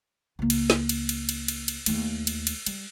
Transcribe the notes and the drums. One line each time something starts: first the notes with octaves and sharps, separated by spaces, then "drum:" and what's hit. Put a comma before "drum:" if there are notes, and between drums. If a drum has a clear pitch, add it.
C#2 A#3
drum: cymbal
drum: snare
drum: cymbal
drum: cymbal
drum: cymbal
drum: cymbal
drum: cymbal
D#2 A3, drum: cymbal
drum: cymbal
drum: cymbal
G3, drum: cymbal